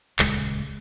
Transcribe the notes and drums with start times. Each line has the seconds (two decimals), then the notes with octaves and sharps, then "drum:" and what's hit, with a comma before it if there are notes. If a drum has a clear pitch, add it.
0.19 D#1 C#2 G#3, drum: clap